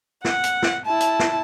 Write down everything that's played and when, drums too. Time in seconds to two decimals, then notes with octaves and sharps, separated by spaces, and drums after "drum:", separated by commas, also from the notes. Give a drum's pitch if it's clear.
0.25 F#5, drum: snare
0.44 drum: hi-hat
0.62 drum: snare
0.86 E4 A5
1.00 drum: hi-hat
1.19 drum: snare